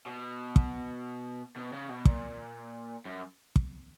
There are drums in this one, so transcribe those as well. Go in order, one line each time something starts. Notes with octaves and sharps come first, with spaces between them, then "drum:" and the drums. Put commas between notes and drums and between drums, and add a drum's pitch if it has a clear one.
B2
drum: kick
B2
C#3
B2
A#2, drum: kick
F#2
drum: kick